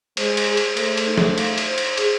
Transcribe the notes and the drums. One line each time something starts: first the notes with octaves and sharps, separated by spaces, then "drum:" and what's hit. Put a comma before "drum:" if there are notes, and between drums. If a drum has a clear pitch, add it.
G#3 C5, drum: cymbal
drum: cymbal
G#4
drum: cymbal
A3 C5, drum: cymbal
drum: cymbal
D#4
drum: snare
F5, drum: cymbal
drum: cymbal
C5
drum: cymbal
G#4, drum: cymbal